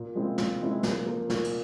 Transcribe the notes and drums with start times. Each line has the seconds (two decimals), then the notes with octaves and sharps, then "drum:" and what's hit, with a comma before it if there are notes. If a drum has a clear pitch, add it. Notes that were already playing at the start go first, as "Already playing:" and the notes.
Already playing: A#2
0.15 F3 G#3 C4 E4
0.38 A#2, drum: snare
0.61 F3 G#3 C4 E4
0.83 A#2, drum: snare
1.06 F3 A#3
1.30 A#2, drum: snare
1.44 drum: cymbal